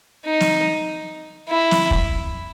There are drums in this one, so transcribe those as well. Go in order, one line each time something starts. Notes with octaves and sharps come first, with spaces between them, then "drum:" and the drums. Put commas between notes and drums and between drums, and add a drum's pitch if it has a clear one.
D#4
drum: snare
E4
drum: snare
drum: kick